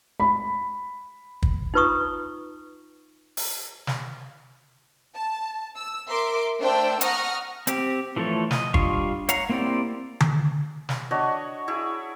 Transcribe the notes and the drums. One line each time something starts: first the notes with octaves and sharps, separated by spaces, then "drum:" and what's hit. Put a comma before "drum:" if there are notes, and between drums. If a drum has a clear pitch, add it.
B5
drum: kick
D#4 F4 B4 A#5 C#6 D#6
drum: open hi-hat
drum: snare
A5
E6
A#4 E5 C6 D6
A3 D4 C5 G5 E6
F#5 A#5 C#6 D#6 F6 A#6, drum: hi-hat
C4 G4, drum: hi-hat
E3 F3 A3 A4 C#5
D#5, drum: snare
G3 D4 F4 F5 C#6, drum: kick
C#5 F5 F#5 A#5, drum: hi-hat
A#3 C4 E4 G4 D5
drum: tom D3
drum: snare
D4 F#4 C#5 D#5
E4 F#4 G#4